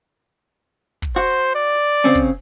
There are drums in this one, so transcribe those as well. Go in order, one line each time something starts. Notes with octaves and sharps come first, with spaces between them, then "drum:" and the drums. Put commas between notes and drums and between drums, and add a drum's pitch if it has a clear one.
drum: kick
F#4 C5
D5
C#3 C4 C#4
drum: kick